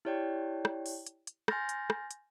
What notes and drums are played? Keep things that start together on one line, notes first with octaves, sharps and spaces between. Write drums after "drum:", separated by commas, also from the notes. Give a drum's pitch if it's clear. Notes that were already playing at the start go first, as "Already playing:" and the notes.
E4 G4 C#5 D5 G5
drum: rim click
drum: open hi-hat
drum: hi-hat
drum: hi-hat
G#5 C6 F6 G6 A6 A#6, drum: rim click
drum: hi-hat
drum: rim click
drum: hi-hat